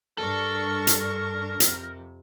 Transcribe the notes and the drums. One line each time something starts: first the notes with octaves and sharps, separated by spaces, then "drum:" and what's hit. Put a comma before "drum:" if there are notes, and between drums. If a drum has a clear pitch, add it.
G2 D4 A4 A#4 C#6
drum: hi-hat
F2 C3, drum: hi-hat